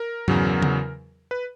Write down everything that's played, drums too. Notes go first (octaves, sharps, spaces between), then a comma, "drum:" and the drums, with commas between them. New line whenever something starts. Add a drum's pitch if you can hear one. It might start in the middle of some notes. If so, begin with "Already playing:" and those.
Already playing: A#4
E2 C#3 F#3, drum: tom G2
drum: tom C#3
B4